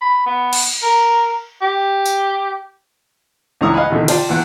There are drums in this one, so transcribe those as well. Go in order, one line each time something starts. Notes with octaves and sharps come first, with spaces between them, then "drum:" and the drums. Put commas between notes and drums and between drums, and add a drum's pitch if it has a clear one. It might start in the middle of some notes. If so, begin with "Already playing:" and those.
B5
B3
drum: cymbal
A#4
G4
drum: tambourine
C#2 E3 D4 A#5 C#6 D#6
D#5 F5 F#5 G#5 B5
E2 B2 D3 D#3
F4 D5 F5 G5 A5, drum: cymbal
E2 B3 F#5 G5